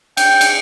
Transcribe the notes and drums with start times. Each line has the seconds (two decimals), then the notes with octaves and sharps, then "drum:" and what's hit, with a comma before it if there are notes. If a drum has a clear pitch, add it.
0.17 G5, drum: cymbal
0.41 drum: cymbal